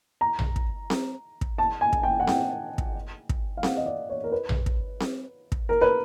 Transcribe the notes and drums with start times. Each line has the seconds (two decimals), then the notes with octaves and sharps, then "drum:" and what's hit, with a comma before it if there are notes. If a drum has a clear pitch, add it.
0.21 A#5
0.39 drum: tom A#1
0.56 drum: kick
0.90 drum: snare C4
1.41 drum: kick
1.58 A5
1.81 G#5
1.93 drum: kick
2.03 G5
2.20 F#5
2.27 G5, drum: snare C4
2.78 drum: kick
3.29 drum: kick
3.57 F5
3.63 F#5, drum: snare C4
3.77 D#5
3.86 D5
4.10 C#5
4.24 A#4
4.32 B4
4.49 drum: tom A#1
4.66 drum: kick
5.00 drum: snare C4
5.52 drum: kick
5.69 A#4
5.81 B4